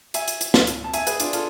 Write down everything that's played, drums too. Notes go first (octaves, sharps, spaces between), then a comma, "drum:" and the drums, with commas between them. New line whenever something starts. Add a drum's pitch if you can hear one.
E5 G#5, drum: hi-hat
drum: hi-hat
drum: hi-hat
drum: snare
drum: hi-hat
A5
E5 G#5, drum: hi-hat
G#4 B4, drum: hi-hat
D4 F4, drum: hi-hat
F4 A4, drum: hi-hat